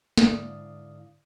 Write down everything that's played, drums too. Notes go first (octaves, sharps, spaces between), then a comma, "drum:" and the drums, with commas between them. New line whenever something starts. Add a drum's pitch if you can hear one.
G#2 D3 E4 D5 F5 D#6, drum: snare